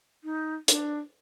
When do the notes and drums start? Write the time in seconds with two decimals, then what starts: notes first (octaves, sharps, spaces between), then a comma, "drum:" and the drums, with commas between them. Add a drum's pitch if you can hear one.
0.24 D#4
0.68 D4, drum: hi-hat